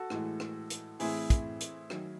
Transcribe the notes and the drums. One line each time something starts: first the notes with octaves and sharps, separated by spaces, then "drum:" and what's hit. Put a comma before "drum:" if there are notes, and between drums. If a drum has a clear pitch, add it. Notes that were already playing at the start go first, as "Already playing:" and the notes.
Already playing: F#4 A4
A2 E3 G#3, drum: rim click
drum: rim click
drum: hi-hat
A2 E3 C4 E4 G#4, drum: open hi-hat
drum: kick, hi-hat
drum: hi-hat
D#3 F#3, drum: rim click